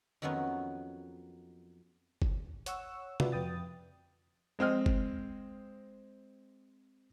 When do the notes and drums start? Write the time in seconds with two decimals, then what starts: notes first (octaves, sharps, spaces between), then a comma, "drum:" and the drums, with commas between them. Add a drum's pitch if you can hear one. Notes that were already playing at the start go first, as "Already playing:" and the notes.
0.22 F2 D#3 F#3 B3 C#4
2.22 drum: kick F#1
2.66 C#5 F#5 C#6 E6, drum: hi-hat
3.20 F4 F#4 B4 D5 E5, drum: tom
3.32 F2 B4 G5 D#6 A6
4.59 G#3 C4 D#5 F6
4.86 drum: kick F#1